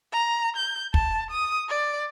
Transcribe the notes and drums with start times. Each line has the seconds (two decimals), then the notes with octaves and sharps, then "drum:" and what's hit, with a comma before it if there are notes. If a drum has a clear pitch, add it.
0.12 A#5
0.56 G6
0.94 A5, drum: kick
1.30 D#6
1.69 D5